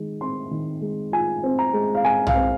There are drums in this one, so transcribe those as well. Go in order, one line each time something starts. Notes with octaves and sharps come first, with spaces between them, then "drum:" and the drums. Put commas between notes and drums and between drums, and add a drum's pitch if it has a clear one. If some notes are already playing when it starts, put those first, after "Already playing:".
Already playing: D#3 G#3
C4 C6
D#3
G#3
F4 G#5
C4
A#5
G#3
F5
G#3 G#5
F5, drum: tom
C4